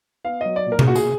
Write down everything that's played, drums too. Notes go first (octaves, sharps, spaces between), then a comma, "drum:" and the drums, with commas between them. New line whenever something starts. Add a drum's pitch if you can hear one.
B3 F5
F#3 D#5
D5
A#2
A#4
G#4, drum: tom B2
A#2 F#4
G#4, drum: tambourine